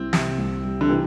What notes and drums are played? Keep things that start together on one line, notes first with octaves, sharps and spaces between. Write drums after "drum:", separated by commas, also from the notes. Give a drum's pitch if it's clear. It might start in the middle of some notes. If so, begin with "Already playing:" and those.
Already playing: C2 G3 C4 E4
C3, drum: snare
C2
G3
D3
C3 E3